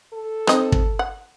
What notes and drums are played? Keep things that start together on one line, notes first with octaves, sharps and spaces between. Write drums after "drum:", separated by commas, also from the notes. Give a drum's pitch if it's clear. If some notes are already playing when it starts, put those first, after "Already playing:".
A4
C4 D#4 D#5, drum: rim click
drum: kick
F#5